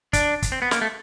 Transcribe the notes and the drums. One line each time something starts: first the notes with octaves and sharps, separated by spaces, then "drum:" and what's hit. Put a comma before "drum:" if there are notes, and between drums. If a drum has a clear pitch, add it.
D4, drum: kick, hi-hat
drum: kick, hi-hat
C4
B3
A#3, drum: snare
A3